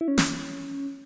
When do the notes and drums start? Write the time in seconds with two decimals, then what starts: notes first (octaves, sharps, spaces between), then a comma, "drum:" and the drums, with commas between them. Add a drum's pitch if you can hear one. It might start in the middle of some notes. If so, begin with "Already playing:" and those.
0.01 E4
0.08 C#4
0.18 drum: snare